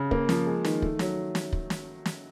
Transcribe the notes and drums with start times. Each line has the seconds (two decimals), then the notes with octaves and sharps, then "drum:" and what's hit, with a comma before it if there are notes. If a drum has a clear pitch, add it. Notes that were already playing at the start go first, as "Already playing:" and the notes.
Already playing: C#3
0.11 A#3, drum: kick
0.29 F3, drum: snare
0.46 G#3
0.65 D#3, drum: snare
0.82 A3, drum: kick
0.99 F#3, drum: snare
1.35 drum: snare
1.52 drum: kick
1.70 drum: snare
2.06 drum: snare